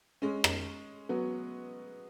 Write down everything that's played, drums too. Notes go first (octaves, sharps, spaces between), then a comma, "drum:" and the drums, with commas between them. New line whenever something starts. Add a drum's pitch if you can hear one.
G#3 C#4
drum: rim click
F#3 B3